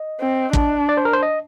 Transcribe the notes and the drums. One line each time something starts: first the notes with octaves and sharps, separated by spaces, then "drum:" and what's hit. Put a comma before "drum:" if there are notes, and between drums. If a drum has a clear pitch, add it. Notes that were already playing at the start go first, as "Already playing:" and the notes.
Already playing: D#5
C4
D4, drum: kick
D5
C5
A#4
C5
D#5